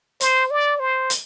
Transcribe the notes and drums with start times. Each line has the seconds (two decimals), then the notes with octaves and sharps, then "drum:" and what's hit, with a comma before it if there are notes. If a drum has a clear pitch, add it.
0.21 C5, drum: hi-hat
0.51 D5
0.80 C5
1.10 drum: hi-hat